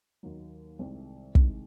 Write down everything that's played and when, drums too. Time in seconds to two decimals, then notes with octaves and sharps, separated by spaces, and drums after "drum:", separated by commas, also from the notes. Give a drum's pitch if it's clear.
0.23 D#2 D#3 F#3
0.79 C2 C3 D#3 G#3
1.35 C2 C3 D#3 G#3, drum: kick